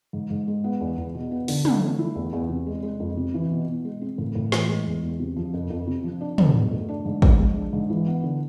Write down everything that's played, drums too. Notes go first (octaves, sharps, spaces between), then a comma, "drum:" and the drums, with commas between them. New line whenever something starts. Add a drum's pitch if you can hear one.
G#2
G#2
G#3
B3
E2
E2
B2
B3
D3, drum: open hi-hat
D3, drum: tom
A3
E4
E2
E2
C3
G#3
G#3
F2
C3
E3
B2
B2
G#3
C4
A2
A2
E3, drum: snare
G#3
E2
E2
C3
F3
F2
F2
C3
F3
D4
E2, drum: tom
B2
A3
D4
G#2
F3, drum: kick
G#3
D4
G#2
E3
B3
D3